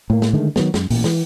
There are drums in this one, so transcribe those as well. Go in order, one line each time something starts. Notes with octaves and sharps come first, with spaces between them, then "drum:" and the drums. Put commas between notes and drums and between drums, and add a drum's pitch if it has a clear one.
A2 A#3
drum: snare
D3 D#3 G#3 A3
D#3 F#3 B3, drum: snare
F#2, drum: snare
A1 A#2, drum: open hi-hat
E3, drum: snare